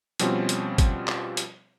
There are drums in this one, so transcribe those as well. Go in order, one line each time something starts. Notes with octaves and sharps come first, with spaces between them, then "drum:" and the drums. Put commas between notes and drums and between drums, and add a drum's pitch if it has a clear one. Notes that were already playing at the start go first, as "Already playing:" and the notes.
B2 F3 G3 C4 C#4 F4, drum: hi-hat
drum: hi-hat
drum: kick, hi-hat
drum: clap
drum: hi-hat